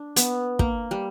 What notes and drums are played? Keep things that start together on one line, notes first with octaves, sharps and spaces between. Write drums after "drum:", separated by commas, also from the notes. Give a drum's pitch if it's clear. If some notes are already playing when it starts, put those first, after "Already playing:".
Already playing: D4
B3, drum: hi-hat
A#3, drum: kick
G3